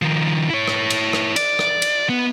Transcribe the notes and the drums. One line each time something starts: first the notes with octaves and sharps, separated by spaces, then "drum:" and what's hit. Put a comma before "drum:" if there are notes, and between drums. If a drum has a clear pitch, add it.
D#3 F3
E4 C#5
drum: rim click
drum: cymbal
drum: rim click
D5, drum: cymbal
drum: rim click
drum: cymbal
B3